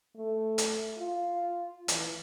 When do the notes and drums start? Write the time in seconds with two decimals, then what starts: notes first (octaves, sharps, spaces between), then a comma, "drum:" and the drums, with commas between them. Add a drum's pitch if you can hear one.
0.16 A3
0.58 drum: hi-hat
0.99 F4
1.88 E3, drum: hi-hat